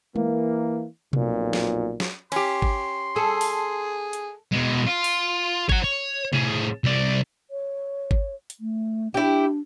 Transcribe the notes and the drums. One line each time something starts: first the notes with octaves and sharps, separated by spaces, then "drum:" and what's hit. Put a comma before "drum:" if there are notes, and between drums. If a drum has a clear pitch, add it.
E3 A#3, drum: tom G#3
B1 F2 A#2, drum: tom B2
drum: snare
drum: snare
C#4 G4 C6, drum: cymbal
drum: kick G#1
G#4 A4
drum: open hi-hat
drum: hi-hat
B2 G#3
F4
drum: open hi-hat
C#5 F#5, drum: kick G#1
C#5
A2 G#4, drum: tom B2
C2 D5
C#5
drum: kick G#1
drum: hi-hat
A3
D4 E4 G4